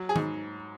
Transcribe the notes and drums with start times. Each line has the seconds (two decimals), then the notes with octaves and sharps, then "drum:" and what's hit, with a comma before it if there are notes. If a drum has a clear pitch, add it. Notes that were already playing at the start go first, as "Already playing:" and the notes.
Already playing: F#3
0.09 G#4
0.16 G#2, drum: tom D#3